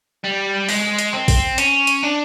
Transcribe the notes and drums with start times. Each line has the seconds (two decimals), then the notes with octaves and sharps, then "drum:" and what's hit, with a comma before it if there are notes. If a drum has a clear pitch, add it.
0.24 G3
0.69 G#3, drum: open hi-hat
0.99 drum: hi-hat
1.13 C4
1.28 drum: kick, open hi-hat
1.58 C#4, drum: hi-hat
1.87 drum: hi-hat
2.03 D4